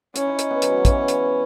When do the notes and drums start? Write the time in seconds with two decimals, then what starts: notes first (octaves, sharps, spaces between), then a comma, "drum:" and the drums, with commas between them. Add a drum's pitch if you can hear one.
0.16 C#4 E4, drum: hi-hat
0.27 D#4
0.39 drum: hi-hat
0.51 B3
0.62 F#3, drum: hi-hat
0.70 G#3
0.78 F#3
0.85 E3, drum: kick, hi-hat
1.08 drum: hi-hat